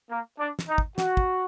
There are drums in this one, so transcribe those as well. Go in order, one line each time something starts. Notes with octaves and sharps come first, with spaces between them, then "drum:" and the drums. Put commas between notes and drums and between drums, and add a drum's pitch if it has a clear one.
A#3
D4
drum: snare
D#4
drum: kick
F#4, drum: snare
drum: kick